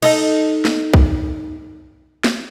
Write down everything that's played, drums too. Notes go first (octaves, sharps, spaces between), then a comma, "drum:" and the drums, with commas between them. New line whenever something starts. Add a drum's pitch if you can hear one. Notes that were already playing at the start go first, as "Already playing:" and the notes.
D#4 A4 D#5, drum: cymbal
drum: snare
drum: kick C2
drum: snare